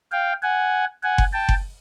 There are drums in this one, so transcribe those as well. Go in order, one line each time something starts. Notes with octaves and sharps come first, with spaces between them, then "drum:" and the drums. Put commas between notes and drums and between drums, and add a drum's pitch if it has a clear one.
F5 G5
F#5 G#5
F#5 G#5
drum: kick F#1
G5 A5
drum: kick F#1